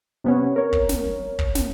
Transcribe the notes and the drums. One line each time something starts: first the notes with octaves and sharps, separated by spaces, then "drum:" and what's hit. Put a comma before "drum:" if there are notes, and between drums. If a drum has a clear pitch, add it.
C3 B3 C#4
A#4 C#5
drum: kick
drum: snare
drum: kick
drum: snare